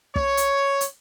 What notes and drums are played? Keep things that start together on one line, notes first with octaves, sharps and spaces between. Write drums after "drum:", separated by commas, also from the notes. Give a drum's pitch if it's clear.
C#5, drum: kick
drum: hi-hat
drum: hi-hat